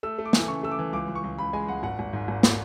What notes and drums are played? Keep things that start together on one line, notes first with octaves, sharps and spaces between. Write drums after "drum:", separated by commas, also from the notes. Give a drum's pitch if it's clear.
A3 E6
A3
D6
E3, drum: snare
C#3 C#6
A3 E6
D6
E3
C#2 D6
C#2
C#6
C#2
C#2 B5
G#3 G#5
C#2 F#5
G#1 F#5
G#1
G#2
G#1
drum: snare